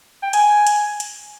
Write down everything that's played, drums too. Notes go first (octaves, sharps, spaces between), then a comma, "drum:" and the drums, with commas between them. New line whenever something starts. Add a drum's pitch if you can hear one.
G5
G#5, drum: hi-hat
drum: hi-hat
drum: hi-hat